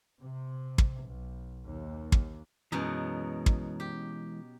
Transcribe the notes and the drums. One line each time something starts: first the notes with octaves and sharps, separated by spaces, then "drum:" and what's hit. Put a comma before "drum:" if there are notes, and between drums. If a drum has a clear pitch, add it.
C3
drum: kick
B1
D#2
drum: kick
F#2 B2 E3 G#3 D#4
drum: kick
G4